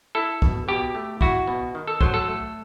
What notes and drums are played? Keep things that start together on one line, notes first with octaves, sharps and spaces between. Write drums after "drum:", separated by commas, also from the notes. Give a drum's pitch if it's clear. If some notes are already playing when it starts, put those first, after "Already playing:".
E4 A4
B2, drum: kick
B2 G4
A3
E4 F#4, drum: kick
B2
D#3
A4
F#3 C5, drum: kick
A4
A3